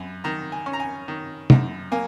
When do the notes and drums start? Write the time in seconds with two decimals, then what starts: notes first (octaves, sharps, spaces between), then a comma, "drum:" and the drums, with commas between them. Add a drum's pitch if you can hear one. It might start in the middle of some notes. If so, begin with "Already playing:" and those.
Already playing: F#2 G#5
0.24 D#3 A#5
0.52 G#5
0.66 C#4
0.73 A#5
0.80 G#5
1.08 D#3
1.50 F#2, drum: tom
1.92 A#3 G#5